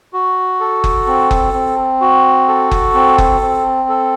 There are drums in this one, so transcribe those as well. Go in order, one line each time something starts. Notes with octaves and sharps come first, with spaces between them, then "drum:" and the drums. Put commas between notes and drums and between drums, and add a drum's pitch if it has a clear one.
F#4
A4
drum: kick F#1
C4
drum: kick F#1
C4
F#4
A4
drum: kick F#1
C4
drum: kick F#1
C4
A4